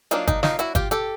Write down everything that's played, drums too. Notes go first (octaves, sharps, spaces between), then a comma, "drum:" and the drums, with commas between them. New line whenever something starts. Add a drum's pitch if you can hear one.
F#3 A#3 D4 D#4 F4, drum: hi-hat
D#4, drum: kick G1, hi-hat
D#4 F4, drum: snare
E4 F#4, drum: hi-hat
F4 G4, drum: kick G1, hi-hat
G4 A4, drum: hi-hat